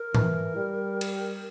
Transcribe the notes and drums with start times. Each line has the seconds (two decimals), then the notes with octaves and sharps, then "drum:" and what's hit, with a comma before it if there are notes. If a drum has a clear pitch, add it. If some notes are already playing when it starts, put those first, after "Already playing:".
Already playing: A#4
0.15 E3, drum: tom G#2
0.56 G3
1.01 drum: cymbal